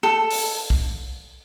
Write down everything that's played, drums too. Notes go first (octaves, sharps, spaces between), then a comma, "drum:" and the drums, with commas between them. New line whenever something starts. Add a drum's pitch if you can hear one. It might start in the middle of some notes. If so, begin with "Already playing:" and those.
A4
drum: open hi-hat
drum: kick B1